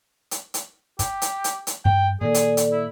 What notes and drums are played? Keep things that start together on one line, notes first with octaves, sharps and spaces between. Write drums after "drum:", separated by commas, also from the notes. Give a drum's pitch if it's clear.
drum: hi-hat
drum: hi-hat
G4, drum: kick, hi-hat
drum: hi-hat
drum: hi-hat
drum: hi-hat
G2 G5
A#2 D#3 A#3 G#4 A4 D5
drum: hi-hat
drum: hi-hat
E4